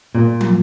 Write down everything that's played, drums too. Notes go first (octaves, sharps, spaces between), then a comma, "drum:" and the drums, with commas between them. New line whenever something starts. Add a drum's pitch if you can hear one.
A#2
drum: tom